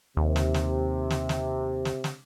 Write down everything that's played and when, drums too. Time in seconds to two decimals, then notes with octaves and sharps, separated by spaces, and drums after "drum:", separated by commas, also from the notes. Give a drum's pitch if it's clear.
0.17 D#2 C3
0.36 drum: snare
0.54 drum: snare
1.10 drum: snare
1.29 drum: snare
1.85 drum: snare
2.04 drum: snare